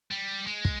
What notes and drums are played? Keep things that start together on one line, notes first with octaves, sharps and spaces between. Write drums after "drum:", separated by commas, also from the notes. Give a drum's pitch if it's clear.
G3
G#3
drum: kick